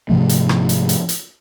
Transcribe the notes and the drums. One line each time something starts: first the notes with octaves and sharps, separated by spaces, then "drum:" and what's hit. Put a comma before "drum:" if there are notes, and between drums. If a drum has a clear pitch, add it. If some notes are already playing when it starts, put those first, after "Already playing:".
G#2 C3 F3 A3
drum: hi-hat
drum: rim click
drum: hi-hat
drum: hi-hat
drum: hi-hat